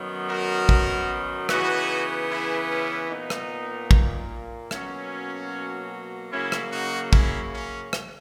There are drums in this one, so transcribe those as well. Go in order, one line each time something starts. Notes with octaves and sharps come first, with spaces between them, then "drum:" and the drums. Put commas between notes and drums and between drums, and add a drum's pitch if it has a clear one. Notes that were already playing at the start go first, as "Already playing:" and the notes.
Already playing: F#2 D#3 F#3 B3
F#4 A#4
drum: kick
C#3 E3 B3 D#4 F#4, drum: rim click
E4 G#4
C#4 E4
A#2 A#3 B3 D#4
drum: rim click
drum: kick
B2 F#3 A#3 C#4, drum: rim click
C#3 F#3 A#3 C#4 E4
drum: rim click
D#4 F#4
C#4 E4, drum: kick
C#4
drum: rim click